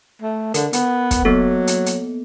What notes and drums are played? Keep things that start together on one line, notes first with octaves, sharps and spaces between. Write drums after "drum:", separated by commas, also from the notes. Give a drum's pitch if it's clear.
A3
D3 A#4, drum: hi-hat
B3, drum: hi-hat
drum: kick, hi-hat
F#3 A#3 B3 A4
drum: hi-hat
drum: hi-hat